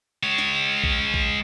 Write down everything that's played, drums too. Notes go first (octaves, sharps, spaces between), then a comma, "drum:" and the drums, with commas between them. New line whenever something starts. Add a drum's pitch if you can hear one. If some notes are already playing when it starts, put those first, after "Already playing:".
G#3 C#5
drum: snare
drum: kick A#1
drum: kick A#1